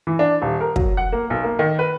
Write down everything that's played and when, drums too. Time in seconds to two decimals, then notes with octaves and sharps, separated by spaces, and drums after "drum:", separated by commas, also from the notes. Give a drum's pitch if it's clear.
0.07 E3
0.19 D4
0.42 D#1
0.61 A#4
0.76 F#3, drum: kick
0.97 F#5
1.12 A#3
1.30 B1
1.44 A#3
1.59 D#3
1.79 B4